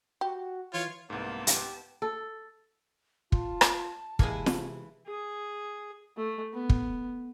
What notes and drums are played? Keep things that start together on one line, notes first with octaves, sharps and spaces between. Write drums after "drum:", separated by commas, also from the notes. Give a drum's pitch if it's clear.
F#4 G4
E3 F4 C#5
C2 G#2 A#3 B3 A5
G4, drum: hi-hat
A4
F4 A5, drum: kick
drum: rim click
C3 E3 G#3 A#3 E4 G#5, drum: kick
drum: snare
G#4
A3
B3
drum: kick